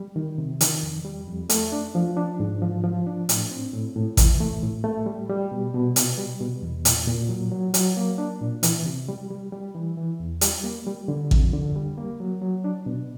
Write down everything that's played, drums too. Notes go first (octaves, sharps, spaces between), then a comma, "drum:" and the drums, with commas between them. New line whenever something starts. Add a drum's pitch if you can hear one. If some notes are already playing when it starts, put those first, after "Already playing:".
Already playing: G3
D#3
C3
D#3, drum: hi-hat
F2
G3
F2
A3, drum: hi-hat
D4
F3
D4
G#2
F3
F3
D4
A2, drum: hi-hat
C4
A2
A2
E3, drum: kick A1, hi-hat
A3
A2
A3
G3
G3
B2
B2
B2, drum: hi-hat
G3
B2
E2
A#2, drum: hi-hat
A#2
F#3
F#3
F#3, drum: hi-hat
A#3
D4
A#2
E3, drum: hi-hat
C3
G3
G3
G3
E3
E3
E2
G3, drum: hi-hat
A#3
G3
D3
F2, drum: kick A1
D3
G3
A#3
F#3
F#3
D4
B2